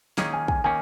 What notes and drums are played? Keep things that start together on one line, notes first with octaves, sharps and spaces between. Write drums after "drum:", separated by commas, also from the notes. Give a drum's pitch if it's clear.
D#3 A#3 C#4 G#4 D#6, drum: snare
G#5
G#5, drum: kick
D#3 A#3 C#4 G#5